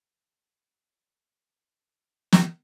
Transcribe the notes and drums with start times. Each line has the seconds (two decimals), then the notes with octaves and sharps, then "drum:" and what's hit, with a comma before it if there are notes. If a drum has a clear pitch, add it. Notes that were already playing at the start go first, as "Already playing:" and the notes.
0.06 A5 C6
2.33 drum: snare